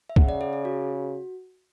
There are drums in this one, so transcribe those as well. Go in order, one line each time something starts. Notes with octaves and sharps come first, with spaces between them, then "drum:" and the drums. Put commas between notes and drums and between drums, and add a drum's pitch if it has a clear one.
E5
C#3 F#5, drum: kick
D5
G#4
G#4
F#4